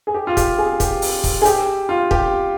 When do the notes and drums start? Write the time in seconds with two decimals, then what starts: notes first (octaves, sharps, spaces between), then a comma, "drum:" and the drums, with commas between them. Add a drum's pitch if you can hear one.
0.07 G#4
0.14 G4
0.27 F4
0.37 G4, drum: kick, hi-hat
0.58 G#4
0.80 G4, drum: kick, hi-hat
1.02 drum: open hi-hat
1.24 drum: kick, open hi-hat
1.42 G#4
1.45 G4, drum: hi-hat
1.89 F4
2.11 G4, drum: kick